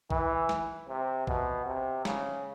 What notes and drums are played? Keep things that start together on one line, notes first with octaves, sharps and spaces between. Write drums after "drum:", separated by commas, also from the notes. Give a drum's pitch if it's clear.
E3, drum: kick A#1
drum: snare
C3
B2, drum: kick A#1
C3
C#3, drum: snare